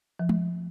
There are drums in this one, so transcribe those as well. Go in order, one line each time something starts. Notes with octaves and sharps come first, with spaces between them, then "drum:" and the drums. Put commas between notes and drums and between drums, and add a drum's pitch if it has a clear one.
F3
drum: tom G#3